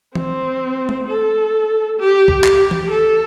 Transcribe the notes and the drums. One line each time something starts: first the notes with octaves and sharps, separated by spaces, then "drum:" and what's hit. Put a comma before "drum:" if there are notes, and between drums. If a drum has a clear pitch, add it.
C4, drum: tom
drum: tom
A4
G4
drum: kick C2
G4, drum: clap
drum: tom
A4